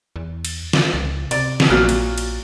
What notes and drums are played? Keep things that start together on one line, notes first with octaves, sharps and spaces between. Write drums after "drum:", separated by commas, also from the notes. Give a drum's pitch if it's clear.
E2
drum: cymbal
drum: snare
C#2
C3 D5, drum: cymbal
drum: snare
A#1 A#2 F#3 F6
drum: cymbal
drum: cymbal